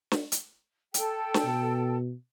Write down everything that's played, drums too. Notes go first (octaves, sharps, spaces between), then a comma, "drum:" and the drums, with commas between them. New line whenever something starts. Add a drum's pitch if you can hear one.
drum: snare
drum: hi-hat
A4 G5, drum: hi-hat
drum: snare
B2